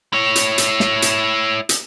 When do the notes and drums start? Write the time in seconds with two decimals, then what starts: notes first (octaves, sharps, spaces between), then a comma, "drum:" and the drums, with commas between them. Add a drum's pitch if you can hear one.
0.13 E4 C#5
0.36 drum: hi-hat
0.58 drum: hi-hat
0.80 drum: snare
1.02 drum: hi-hat
1.69 drum: hi-hat